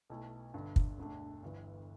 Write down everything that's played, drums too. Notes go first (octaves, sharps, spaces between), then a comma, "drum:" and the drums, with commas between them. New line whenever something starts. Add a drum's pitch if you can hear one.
B1 B2 A3 E4
G1 G2 D3
drum: kick
E1 D2 D3 A3 D4
G1 G2 E3